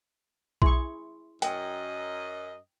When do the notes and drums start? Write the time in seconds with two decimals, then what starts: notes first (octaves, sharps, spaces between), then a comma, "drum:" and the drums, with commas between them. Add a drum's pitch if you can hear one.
0.62 E4 G#4 C6 C#6, drum: kick B1
1.42 F#2 D#5 G5, drum: hi-hat